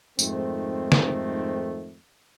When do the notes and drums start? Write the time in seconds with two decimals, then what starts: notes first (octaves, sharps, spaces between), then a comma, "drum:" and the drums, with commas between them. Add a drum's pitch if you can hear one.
0.19 F2 G#2 D#3 A3 C4, drum: tambourine
0.92 drum: snare